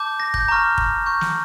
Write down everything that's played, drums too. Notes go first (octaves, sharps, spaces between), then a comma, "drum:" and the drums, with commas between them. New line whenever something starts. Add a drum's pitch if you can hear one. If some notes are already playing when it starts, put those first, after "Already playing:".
Already playing: A5 D6 G6
A#6
G6, drum: kick
A#5 C#6 F6
drum: kick
C#6 G6
drum: snare